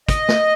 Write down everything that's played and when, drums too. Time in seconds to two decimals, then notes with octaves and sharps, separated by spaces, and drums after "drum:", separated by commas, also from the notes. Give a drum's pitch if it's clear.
0.09 D#5, drum: kick, hi-hat
0.29 drum: snare